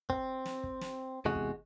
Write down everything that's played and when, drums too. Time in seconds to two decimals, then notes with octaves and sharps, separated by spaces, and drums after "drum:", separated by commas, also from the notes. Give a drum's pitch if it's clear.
0.10 C4, drum: kick
0.46 drum: snare
0.63 drum: kick
0.81 drum: snare
1.25 E2 C3 G#3 F#4
1.35 drum: kick